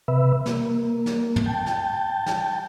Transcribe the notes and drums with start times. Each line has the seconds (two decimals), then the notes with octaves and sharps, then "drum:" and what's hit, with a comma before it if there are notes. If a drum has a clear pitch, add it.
0.08 C3 B4 E5
0.46 A#3, drum: snare
1.06 drum: snare
1.36 drum: tom
1.46 G5 A5
1.66 drum: snare
2.26 drum: snare